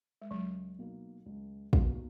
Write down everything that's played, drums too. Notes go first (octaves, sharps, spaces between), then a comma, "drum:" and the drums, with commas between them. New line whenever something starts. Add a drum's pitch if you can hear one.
G#3
C#2 F#3
B2 A#3 D#4
C#2
B2 A#3 D#4, drum: kick